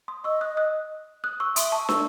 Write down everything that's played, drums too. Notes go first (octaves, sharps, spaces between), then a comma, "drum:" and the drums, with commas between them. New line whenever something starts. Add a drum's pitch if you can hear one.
C6 D#6
D#5 C#6 E6
D#6 F#6
D#6 F#6
D#6 F#6
C#6 E6
E5 C6 D#6, drum: hi-hat
A5 C#6
C#6 E6, drum: snare